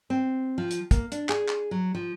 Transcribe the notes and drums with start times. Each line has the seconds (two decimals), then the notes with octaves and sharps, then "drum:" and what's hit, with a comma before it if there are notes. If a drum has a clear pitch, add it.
0.10 C4
0.58 F3
0.71 drum: hi-hat
0.91 A#3, drum: kick, hi-hat
1.12 D4, drum: hi-hat
1.29 G#4, drum: clap
1.49 drum: clap
1.71 F#3
1.95 F3